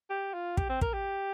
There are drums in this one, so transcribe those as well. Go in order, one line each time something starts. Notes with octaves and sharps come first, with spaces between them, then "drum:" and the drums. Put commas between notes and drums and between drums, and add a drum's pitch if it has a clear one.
G4
F4
G4, drum: kick
C4
A#4, drum: kick
G4